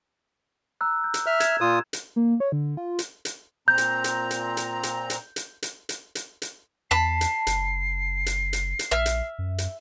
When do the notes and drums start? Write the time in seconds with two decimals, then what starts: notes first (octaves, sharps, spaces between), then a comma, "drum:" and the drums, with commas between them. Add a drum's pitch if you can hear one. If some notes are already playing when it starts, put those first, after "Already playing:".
0.81 A#5 E6 F#6
1.04 G6
1.14 drum: hi-hat
1.26 E5 F6
1.40 G#6 E7, drum: hi-hat
1.61 A#2 F4 D#6
1.93 drum: hi-hat
2.16 A#3
2.40 C#5
2.52 D3
2.77 F4
2.99 drum: hi-hat
3.25 drum: hi-hat
3.68 A#2 C4 A#5 G6
3.78 drum: hi-hat
4.04 drum: hi-hat
4.31 drum: hi-hat
4.57 drum: hi-hat
4.83 drum: hi-hat
5.10 drum: hi-hat
5.36 drum: hi-hat
5.63 drum: hi-hat
5.89 drum: hi-hat
6.15 drum: hi-hat
6.42 drum: hi-hat
6.91 E2 A5 B5 C7
7.21 drum: hi-hat
7.47 F#1, drum: hi-hat
8.26 drum: hi-hat
8.53 drum: hi-hat
8.79 drum: hi-hat
8.91 A#1 E5 F6
9.06 drum: hi-hat
9.38 F#2
9.58 drum: hi-hat